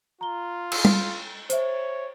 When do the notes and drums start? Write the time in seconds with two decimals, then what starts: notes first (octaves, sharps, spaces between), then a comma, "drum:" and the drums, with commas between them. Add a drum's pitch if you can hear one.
0.21 F4 A#5 G7
0.72 E6, drum: cymbal
0.85 drum: tom
1.50 C5 C#5 E5, drum: hi-hat